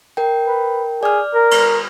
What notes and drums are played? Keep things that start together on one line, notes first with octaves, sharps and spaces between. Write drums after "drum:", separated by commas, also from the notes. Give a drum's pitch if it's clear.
A#4 G5
B4
G#4 D5 F6
A#4
drum: cymbal